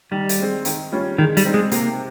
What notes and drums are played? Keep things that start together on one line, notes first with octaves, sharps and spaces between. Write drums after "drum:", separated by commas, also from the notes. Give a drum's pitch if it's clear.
D#3 G3
drum: hi-hat
G#3 C4
D#3, drum: hi-hat
G3 C#4 F4
D#3 G#3
G3, drum: hi-hat
C4 D#4
G#3
C3 A#3, drum: hi-hat